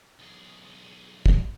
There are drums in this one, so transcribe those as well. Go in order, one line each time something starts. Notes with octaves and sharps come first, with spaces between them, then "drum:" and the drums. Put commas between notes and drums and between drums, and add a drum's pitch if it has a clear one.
B1 G#4
drum: kick